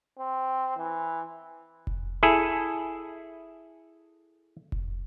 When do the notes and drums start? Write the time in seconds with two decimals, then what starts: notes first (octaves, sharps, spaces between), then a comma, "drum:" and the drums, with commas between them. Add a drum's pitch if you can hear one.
0.19 C4
0.77 E3
1.87 drum: kick F1
2.23 E4 G#4 A4
4.72 drum: kick F1